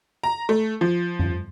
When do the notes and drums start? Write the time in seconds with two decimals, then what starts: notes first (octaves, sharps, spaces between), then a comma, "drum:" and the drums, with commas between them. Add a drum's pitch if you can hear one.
0.23 A#5
0.49 A3
0.81 F3
1.19 drum: tom F2